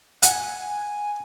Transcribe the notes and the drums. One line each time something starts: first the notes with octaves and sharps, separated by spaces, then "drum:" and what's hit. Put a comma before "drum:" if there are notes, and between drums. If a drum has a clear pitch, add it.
F#5 G#5, drum: hi-hat